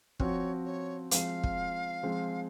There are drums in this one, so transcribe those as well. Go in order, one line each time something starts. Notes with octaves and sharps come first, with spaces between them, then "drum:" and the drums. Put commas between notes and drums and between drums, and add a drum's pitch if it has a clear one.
F3 C4 F#4 C#5, drum: kick
C#5
F3 G#3 C4 F4 F5, drum: hi-hat
drum: kick
F3 G#3 C4